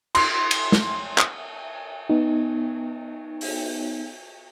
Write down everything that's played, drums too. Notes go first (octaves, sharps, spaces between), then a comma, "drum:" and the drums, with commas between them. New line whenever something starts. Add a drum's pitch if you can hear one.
C6, drum: cymbal
drum: cymbal
drum: snare
drum: clap
B3 D#4
drum: open hi-hat